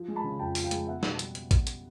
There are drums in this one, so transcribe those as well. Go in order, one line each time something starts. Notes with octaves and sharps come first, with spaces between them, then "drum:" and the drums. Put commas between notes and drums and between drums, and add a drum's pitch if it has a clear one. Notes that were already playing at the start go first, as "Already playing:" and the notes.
Already playing: F3
G#3
A5 B5
C#3
F2 G5 A5
F3, drum: open hi-hat
F5 G5
G#3, drum: hi-hat
B3 E5 F#5
B2, drum: snare
G3, drum: hi-hat
drum: hi-hat
drum: kick A1, hi-hat
drum: hi-hat